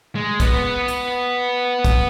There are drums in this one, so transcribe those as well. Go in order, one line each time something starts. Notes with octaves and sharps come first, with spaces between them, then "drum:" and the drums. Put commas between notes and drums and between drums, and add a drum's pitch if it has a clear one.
G#3
B3, drum: kick, hi-hat
drum: hi-hat
drum: kick, hi-hat